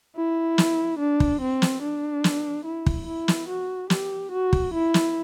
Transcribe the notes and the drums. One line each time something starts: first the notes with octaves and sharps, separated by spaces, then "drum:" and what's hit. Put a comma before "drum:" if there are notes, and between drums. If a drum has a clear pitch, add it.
E4
drum: snare
D4
drum: kick
C4
drum: snare
D4
drum: snare
E4
drum: kick
E4
drum: snare
F#4
G4, drum: snare
F#4
drum: kick
E4
drum: snare